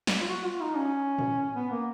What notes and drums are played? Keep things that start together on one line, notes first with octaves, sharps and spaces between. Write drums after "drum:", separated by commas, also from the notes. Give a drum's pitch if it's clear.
drum: snare
F4
F#4
F4
D#4
C#4
drum: tom A2
B3
A#3